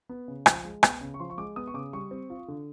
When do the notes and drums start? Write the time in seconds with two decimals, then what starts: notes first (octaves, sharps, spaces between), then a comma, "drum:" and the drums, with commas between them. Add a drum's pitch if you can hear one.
0.09 B3
0.28 C#3
0.46 F3, drum: rim click
0.65 G#3
0.83 B3, drum: rim click
1.01 C#3
1.14 C#6
1.20 F3 C6
1.30 C#6
1.38 G#3 D6
1.56 B3 D#6
1.67 C#6
1.74 C#3 D6
1.93 G3 C#6
2.11 C4
2.30 F4
2.48 D3